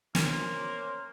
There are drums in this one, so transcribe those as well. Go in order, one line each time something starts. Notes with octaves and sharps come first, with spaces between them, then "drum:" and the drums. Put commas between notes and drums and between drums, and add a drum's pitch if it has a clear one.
A#3 C#4 A#4 C5, drum: snare